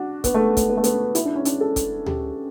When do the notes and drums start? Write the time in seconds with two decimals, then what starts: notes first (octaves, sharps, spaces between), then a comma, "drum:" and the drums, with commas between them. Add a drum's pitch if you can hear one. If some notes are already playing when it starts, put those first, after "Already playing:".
Already playing: D4 F#4
0.24 B3, drum: kick, hi-hat
0.34 A3
0.57 A3, drum: kick, hi-hat
0.70 B3
0.77 A3
0.84 B3, drum: hi-hat
1.15 E4, drum: hi-hat
1.25 D4
1.35 C#4
1.45 D4, drum: hi-hat
1.61 A4
1.76 drum: kick, hi-hat
2.06 G4, drum: tom D2